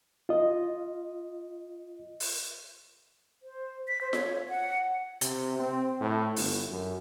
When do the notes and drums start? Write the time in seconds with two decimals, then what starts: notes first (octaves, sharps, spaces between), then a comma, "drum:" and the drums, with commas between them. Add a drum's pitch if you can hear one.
0.29 F4 D#5
2.20 drum: open hi-hat
3.43 C5
3.88 B6
4.01 C5
4.13 C#5, drum: snare F4
4.49 F#5
5.21 C3, drum: hi-hat
5.59 C4
6.00 A2
6.36 G1, drum: open hi-hat
6.70 F#2